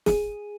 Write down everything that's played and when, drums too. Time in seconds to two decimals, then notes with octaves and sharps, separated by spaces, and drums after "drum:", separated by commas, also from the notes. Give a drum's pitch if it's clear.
0.06 G#4, drum: snare